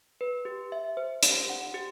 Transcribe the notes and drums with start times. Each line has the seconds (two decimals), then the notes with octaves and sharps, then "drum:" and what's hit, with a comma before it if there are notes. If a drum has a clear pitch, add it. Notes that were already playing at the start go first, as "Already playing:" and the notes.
0.21 B4
0.45 G4
0.72 E5
0.97 C5
1.23 G4, drum: hi-hat
1.50 F#5
1.74 G4